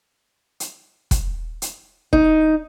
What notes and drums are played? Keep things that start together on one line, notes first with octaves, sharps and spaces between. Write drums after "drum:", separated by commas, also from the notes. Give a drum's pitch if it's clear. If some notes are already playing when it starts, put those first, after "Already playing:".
drum: hi-hat
drum: kick, hi-hat
drum: hi-hat
D#4, drum: kick